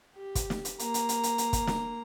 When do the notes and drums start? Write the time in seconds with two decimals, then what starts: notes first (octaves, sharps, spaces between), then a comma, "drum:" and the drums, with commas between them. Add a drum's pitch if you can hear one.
0.16 G4
0.35 drum: kick, hi-hat
0.50 drum: snare
0.65 drum: hi-hat
0.79 A#3 A#5, drum: hi-hat
0.94 drum: hi-hat
1.09 drum: hi-hat
1.23 drum: hi-hat
1.38 drum: hi-hat
1.53 drum: kick, hi-hat
1.67 drum: snare